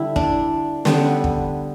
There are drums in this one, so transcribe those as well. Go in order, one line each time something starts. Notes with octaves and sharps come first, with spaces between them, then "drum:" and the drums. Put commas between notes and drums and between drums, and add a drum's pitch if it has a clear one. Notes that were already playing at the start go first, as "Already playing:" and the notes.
Already playing: D3 G3 E4
D4, drum: kick
D3 G3 B3, drum: snare
drum: kick